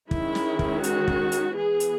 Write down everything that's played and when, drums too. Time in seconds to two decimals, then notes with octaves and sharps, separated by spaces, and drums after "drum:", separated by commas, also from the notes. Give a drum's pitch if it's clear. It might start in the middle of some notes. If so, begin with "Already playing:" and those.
0.11 D#3 G#3 C#4 E4, drum: kick
0.35 drum: snare
0.59 drum: kick
0.83 F#4, drum: hi-hat
1.08 drum: kick
1.32 drum: hi-hat
1.56 E3 B3 G#4
1.80 drum: hi-hat